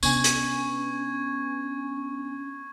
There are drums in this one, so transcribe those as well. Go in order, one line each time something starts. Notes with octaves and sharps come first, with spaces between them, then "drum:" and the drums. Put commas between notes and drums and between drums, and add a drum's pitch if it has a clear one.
C3 B3 C#4 D4 G#5 C#6 G#6, drum: tambourine
drum: hi-hat